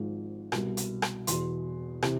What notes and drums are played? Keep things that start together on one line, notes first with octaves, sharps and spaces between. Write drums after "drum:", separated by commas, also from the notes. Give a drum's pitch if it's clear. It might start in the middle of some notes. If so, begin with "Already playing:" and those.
Already playing: G#1 G#2 F3
C2 B2, drum: rim click
drum: hi-hat
drum: rim click
E2 B2 C6, drum: hi-hat
C3 E3, drum: rim click